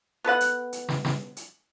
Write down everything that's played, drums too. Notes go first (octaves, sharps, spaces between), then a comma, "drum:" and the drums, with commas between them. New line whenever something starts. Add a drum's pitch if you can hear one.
B3 A4 B4 F#5
drum: hi-hat
drum: hi-hat
drum: snare
drum: snare
drum: hi-hat